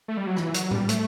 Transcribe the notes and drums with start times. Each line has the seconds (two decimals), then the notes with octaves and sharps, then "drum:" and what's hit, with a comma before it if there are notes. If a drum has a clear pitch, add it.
0.08 A3
0.17 G3
0.27 F#3
0.37 E3, drum: rim click
0.54 F#3, drum: hi-hat
0.71 G3, drum: tom A2
0.89 A3, drum: hi-hat